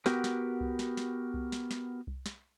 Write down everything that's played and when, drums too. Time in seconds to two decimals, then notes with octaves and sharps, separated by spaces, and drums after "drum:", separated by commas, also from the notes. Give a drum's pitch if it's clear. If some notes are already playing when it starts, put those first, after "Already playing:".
0.06 B3 F#4 G4 A#4, drum: snare
0.24 drum: snare
0.61 drum: kick C2
0.79 drum: snare
0.97 drum: snare
1.34 drum: kick C2
1.52 drum: snare
1.71 drum: snare
2.07 drum: kick C2
2.26 drum: snare